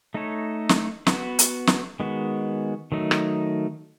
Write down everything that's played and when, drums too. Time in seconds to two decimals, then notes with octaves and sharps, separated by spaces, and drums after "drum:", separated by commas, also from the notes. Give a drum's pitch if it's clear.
0.14 A3 D#4 A4 C#5
0.69 drum: snare
1.07 B3 F#4 B4, drum: snare
1.39 drum: hi-hat
1.67 drum: snare
2.00 D#3 G#3 B3 F#4
2.92 D#3 F#3 A3 D#4
3.11 drum: rim click